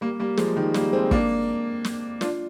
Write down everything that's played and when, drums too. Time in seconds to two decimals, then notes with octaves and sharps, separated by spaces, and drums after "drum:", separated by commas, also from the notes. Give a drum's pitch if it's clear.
0.01 G3 A#3
0.20 G3 A#3
0.37 F3 G#3, drum: snare
0.56 D#3 G3
0.74 G3 A#3, drum: snare
0.93 G#3 C4
1.11 A#3 D4, drum: kick
1.84 drum: snare
2.21 D4 F4, drum: snare